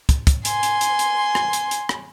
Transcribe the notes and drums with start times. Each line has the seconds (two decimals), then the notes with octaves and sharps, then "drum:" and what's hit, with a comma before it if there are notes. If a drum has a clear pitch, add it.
0.09 drum: kick, hi-hat
0.27 drum: kick, hi-hat
0.45 G#5 C6, drum: hi-hat
0.63 drum: hi-hat
0.81 drum: hi-hat
0.99 drum: hi-hat
1.35 drum: rim click
1.53 drum: hi-hat
1.71 drum: hi-hat
1.89 drum: rim click